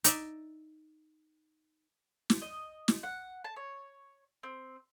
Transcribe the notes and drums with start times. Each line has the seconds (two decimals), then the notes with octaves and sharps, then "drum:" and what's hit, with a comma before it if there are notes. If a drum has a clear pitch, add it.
0.04 D#4 D5 E5, drum: hi-hat
2.30 drum: snare
2.42 D#5
2.88 drum: snare
3.03 F#5
3.44 A5
3.56 C#5
4.43 C4